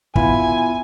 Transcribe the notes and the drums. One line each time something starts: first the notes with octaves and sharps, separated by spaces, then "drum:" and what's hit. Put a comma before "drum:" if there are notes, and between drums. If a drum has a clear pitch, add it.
B3 E4 F4 G#5, drum: kick